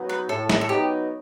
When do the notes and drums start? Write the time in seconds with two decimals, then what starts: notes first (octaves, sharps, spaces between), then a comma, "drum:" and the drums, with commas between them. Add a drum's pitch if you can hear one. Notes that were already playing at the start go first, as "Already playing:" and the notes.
Already playing: F#3 B3 D#4
0.09 B4
0.29 A2 A4
0.50 drum: snare
0.61 A4
0.69 F#3 B3 D#4 G4